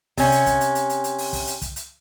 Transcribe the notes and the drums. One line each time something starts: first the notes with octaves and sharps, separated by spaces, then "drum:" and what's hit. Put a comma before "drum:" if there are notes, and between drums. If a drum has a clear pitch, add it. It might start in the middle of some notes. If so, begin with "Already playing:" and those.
C3 C#4, drum: kick, open hi-hat
drum: hi-hat
drum: kick, hi-hat
drum: hi-hat
drum: hi-hat
drum: hi-hat
drum: hi-hat
drum: open hi-hat
drum: kick, open hi-hat
drum: hi-hat
drum: kick, hi-hat
drum: hi-hat